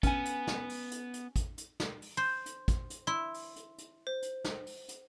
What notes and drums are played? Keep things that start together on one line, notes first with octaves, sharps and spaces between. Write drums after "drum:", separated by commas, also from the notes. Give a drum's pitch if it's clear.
B3 C#4 G#5, drum: kick, hi-hat
drum: hi-hat
drum: snare
drum: open hi-hat
drum: hi-hat
drum: hi-hat
drum: kick, hi-hat
drum: hi-hat
drum: snare
drum: open hi-hat
C5
drum: hi-hat
drum: kick, hi-hat
drum: hi-hat
E4 C6
drum: open hi-hat
drum: hi-hat
drum: hi-hat
C5
drum: hi-hat
drum: snare
drum: open hi-hat
drum: hi-hat